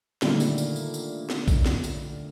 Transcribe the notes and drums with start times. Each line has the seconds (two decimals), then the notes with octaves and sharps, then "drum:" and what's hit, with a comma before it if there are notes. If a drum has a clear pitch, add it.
0.22 A#2 D3 D#3 G3 A3 A#3, drum: snare
0.40 drum: tambourine
0.58 drum: tambourine
0.76 drum: tambourine
0.94 drum: tambourine
1.30 drum: snare
1.48 drum: kick, tambourine
1.66 drum: snare
1.83 drum: tambourine